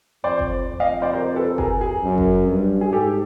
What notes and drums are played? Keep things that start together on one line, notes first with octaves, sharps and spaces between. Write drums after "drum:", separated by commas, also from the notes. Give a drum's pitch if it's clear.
F2 C5 D5
drum: kick F#1
F2
D#5 F5
C5 D5
A#4 C5
A4 B4
G#4 A#4, drum: kick F#1
G#4
F#2
drum: kick F#1
G2
G#4
G#2 G4 A4